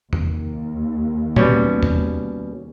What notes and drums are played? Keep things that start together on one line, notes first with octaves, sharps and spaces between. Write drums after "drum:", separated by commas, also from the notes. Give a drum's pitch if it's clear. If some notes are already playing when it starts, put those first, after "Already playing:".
D#2, drum: tom E2
B2 G3 C#4, drum: tom
drum: tom E2